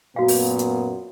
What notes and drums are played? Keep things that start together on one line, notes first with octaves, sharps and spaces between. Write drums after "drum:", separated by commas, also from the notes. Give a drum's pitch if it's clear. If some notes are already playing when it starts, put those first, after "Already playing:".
F#2 A#2 B3 F#4 F5
drum: open hi-hat
drum: hi-hat